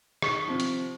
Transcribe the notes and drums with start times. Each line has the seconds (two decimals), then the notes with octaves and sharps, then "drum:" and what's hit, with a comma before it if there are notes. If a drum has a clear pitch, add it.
0.22 D#3 C#6 B6, drum: rim click
0.48 C3 F3
0.60 drum: hi-hat